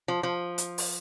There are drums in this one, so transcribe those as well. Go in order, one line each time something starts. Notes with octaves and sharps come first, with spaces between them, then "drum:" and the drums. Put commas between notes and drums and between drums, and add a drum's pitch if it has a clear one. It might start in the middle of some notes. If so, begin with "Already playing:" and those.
F3
F3
drum: hi-hat
drum: open hi-hat